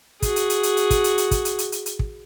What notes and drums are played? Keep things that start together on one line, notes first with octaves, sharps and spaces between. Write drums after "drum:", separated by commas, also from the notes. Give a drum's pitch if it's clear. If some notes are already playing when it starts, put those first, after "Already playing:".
F#4 G#4, drum: kick, hi-hat
drum: hi-hat
drum: hi-hat
drum: hi-hat
drum: hi-hat
drum: kick, hi-hat
drum: hi-hat
drum: hi-hat
drum: kick, hi-hat
drum: hi-hat
drum: hi-hat
drum: hi-hat
drum: hi-hat
drum: kick